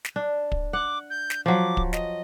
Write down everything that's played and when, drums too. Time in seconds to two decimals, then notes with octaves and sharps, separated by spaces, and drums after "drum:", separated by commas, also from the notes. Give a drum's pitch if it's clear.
0.05 drum: snare
0.16 D4
0.52 drum: kick
0.73 F#5 D6
1.10 G6
1.30 drum: snare
1.46 F3 F#3 D6
1.77 drum: kick
1.93 D#5, drum: snare